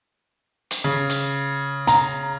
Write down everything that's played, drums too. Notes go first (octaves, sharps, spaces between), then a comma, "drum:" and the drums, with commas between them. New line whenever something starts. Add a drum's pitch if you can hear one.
drum: hi-hat
C#3
drum: hi-hat
A#5, drum: hi-hat